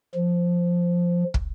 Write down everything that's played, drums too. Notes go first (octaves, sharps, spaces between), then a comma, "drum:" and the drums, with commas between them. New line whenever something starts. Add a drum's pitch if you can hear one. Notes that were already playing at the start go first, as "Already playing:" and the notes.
F3
drum: kick